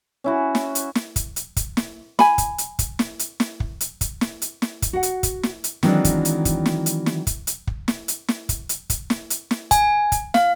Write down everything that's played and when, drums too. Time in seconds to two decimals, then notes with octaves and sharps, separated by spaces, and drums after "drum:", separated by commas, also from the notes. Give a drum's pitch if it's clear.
0.24 C#4 E4 F#4
0.55 drum: snare
0.75 drum: hi-hat
0.95 drum: snare
1.16 drum: kick, hi-hat
1.36 drum: hi-hat
1.57 drum: kick, hi-hat
1.77 drum: snare
2.19 G#5 B5, drum: snare
2.38 drum: kick, hi-hat
2.58 drum: hi-hat
2.79 drum: kick, hi-hat
2.99 drum: snare
3.19 drum: hi-hat
3.40 drum: snare
3.60 drum: kick
3.80 drum: hi-hat
4.01 drum: kick, hi-hat
4.21 drum: snare
4.42 drum: hi-hat
4.62 drum: snare
4.82 drum: kick, hi-hat
4.93 F#4 F#5
5.03 drum: hi-hat
5.23 drum: kick, hi-hat
5.43 drum: snare
5.64 drum: hi-hat
5.83 D#3 E3 F#3 G#3 C4 D4, drum: snare
6.04 drum: kick, hi-hat
6.25 drum: hi-hat
6.45 drum: kick, hi-hat
6.66 drum: snare
6.86 drum: hi-hat
7.06 drum: snare
7.27 drum: kick, hi-hat
7.47 drum: hi-hat
7.67 drum: kick
7.88 drum: snare
8.08 drum: hi-hat
8.28 drum: snare
8.49 drum: kick, hi-hat
8.69 drum: hi-hat
8.90 drum: kick, hi-hat
9.10 drum: snare
9.30 drum: hi-hat
9.51 drum: snare
9.71 G#5, drum: kick, hi-hat
10.12 drum: kick, hi-hat
10.34 F5, drum: snare